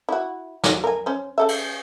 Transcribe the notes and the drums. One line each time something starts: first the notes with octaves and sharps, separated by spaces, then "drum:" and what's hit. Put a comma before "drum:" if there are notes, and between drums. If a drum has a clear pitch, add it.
E4 F#4
F#3, drum: snare
A#4 G#5
C#4 C5
C#3 A4 E5
drum: cymbal